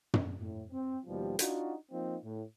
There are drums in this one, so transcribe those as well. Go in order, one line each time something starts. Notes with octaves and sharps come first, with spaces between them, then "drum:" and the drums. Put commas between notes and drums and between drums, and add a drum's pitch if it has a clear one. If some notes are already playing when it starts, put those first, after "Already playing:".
drum: tom
A2
C4
D#2 B2 F3 G3
D4 D#4 F4 F#4, drum: hi-hat
F3 A#3 C4 D#4 F4
A2